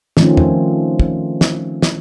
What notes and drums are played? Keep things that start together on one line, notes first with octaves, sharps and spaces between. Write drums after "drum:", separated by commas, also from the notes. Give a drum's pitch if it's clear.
D#3 F3 A3 C4 C#4, drum: snare
drum: tom
drum: kick
drum: snare
drum: snare